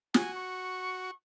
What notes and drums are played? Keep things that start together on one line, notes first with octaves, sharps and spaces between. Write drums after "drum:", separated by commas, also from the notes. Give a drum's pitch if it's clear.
F#4 G#5, drum: snare
C#6